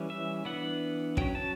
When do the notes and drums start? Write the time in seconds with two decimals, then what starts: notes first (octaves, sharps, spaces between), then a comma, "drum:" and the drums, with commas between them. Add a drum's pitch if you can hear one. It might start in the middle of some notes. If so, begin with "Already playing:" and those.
Already playing: E3 G3 C#4
0.10 E5
0.45 E3 B3 D4 F#5
1.17 F#3 C#4 G5, drum: kick
1.35 A5